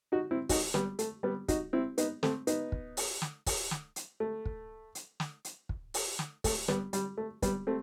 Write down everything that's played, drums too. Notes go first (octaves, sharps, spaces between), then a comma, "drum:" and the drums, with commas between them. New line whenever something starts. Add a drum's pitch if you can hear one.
D#4 F#4
C4 E4
D#4 F#4, drum: kick, open hi-hat
G3 B3, drum: snare
A3, drum: hi-hat
G3 B3
D#4 F#4, drum: kick, hi-hat
C4 E4
B3 D#4, drum: hi-hat
A3 C4, drum: snare
B3 D#4, drum: hi-hat
drum: kick
drum: open hi-hat
drum: snare
drum: kick, open hi-hat
drum: snare
drum: hi-hat
A3
drum: kick
drum: hi-hat
drum: snare
drum: hi-hat
drum: kick
drum: open hi-hat
drum: snare
A3, drum: kick, open hi-hat
G3 B3, drum: snare
G3, drum: hi-hat
A3
G3 B3, drum: kick, hi-hat
A3 C4